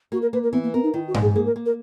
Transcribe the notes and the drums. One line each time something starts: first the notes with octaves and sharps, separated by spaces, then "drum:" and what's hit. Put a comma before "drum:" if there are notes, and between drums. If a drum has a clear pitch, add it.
A#3 F#4
A#4
A#3 B4
A#4
E3 B3
A#3
B3 A#4
D#4
D#3 E4
F#4
G#2, drum: tom G#2
G#4
A#3 G#4
A#4
A#3
A#4